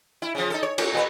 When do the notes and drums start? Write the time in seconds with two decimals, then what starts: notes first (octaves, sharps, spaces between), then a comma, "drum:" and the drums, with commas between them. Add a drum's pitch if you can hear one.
0.22 E4
0.35 C#3 F3
0.50 D#4 A4
0.63 C#5
0.78 C#4, drum: cymbal
0.93 A#2 G#4 B4